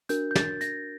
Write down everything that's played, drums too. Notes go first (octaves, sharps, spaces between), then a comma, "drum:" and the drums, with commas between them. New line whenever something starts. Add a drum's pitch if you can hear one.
D4 F#4 A#4 G6, drum: hi-hat
G6
A6, drum: snare
A#6, drum: hi-hat